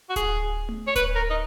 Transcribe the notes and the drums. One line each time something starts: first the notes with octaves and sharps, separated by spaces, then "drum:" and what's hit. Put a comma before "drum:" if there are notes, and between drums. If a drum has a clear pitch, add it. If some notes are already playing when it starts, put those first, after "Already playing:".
F#4
G#4, drum: kick D1, hi-hat
drum: tom A3
C#5
B4, drum: kick D1, hi-hat
A#4
D#4